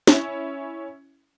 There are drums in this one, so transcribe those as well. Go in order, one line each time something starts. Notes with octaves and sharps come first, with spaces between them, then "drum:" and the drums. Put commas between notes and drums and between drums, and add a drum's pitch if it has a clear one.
C#4 E4, drum: snare